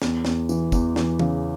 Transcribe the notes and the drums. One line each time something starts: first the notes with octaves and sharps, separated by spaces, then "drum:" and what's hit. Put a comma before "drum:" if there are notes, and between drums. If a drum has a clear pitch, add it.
E2, drum: snare
E2, drum: snare
E3, drum: tambourine
E2, drum: kick, tambourine
E3, drum: snare
C#3, drum: tom